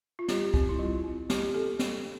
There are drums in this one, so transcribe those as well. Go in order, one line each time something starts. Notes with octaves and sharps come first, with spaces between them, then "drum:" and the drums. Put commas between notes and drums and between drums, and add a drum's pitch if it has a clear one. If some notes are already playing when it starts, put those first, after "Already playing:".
F4
G3 G4, drum: snare
C4, drum: kick
E4
G3 F4
C4
G3 G4, drum: snare
C4 A4
G3, drum: snare